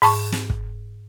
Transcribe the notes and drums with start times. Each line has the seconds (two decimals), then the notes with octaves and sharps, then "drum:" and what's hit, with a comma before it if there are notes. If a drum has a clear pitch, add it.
0.02 G#2 A5 C#6, drum: open hi-hat
0.32 drum: snare
0.50 drum: kick